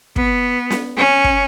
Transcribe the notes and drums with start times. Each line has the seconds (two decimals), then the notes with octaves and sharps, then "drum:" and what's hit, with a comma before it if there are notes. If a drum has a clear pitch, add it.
0.16 B3, drum: kick
0.70 drum: snare
0.97 C#4
1.24 drum: kick